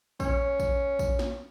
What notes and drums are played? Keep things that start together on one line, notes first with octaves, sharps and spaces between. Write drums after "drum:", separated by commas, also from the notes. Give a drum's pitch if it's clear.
C#4, drum: kick A#1, tambourine
drum: kick A#1, tambourine
drum: kick A#1, tambourine
drum: snare